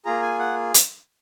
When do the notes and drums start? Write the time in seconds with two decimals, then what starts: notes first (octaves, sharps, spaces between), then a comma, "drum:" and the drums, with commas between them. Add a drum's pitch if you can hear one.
0.05 A#3 F4 G#4 A#5
0.22 G#5
0.39 F#5
0.74 drum: hi-hat